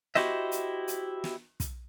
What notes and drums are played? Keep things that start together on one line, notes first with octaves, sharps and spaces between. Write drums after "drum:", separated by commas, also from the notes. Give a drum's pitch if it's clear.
E4 F#4 G4 C5 D#5 E5, drum: snare
drum: hi-hat
drum: hi-hat
drum: snare
drum: kick, hi-hat